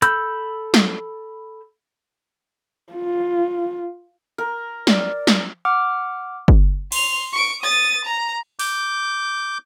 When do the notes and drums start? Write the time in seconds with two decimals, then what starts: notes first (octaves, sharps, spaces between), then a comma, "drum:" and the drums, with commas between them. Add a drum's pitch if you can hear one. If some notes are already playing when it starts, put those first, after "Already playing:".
0.02 A4 B5 E6 G6, drum: hi-hat
0.74 drum: snare
2.93 F4
4.38 A#4
4.87 D5, drum: snare
5.27 drum: snare
5.65 F#5 D6 F6
6.48 drum: kick G1
6.92 C6 F7, drum: cymbal
7.33 C#6 D7
7.63 D#6 A6
8.05 A#5
8.59 D6 G6, drum: open hi-hat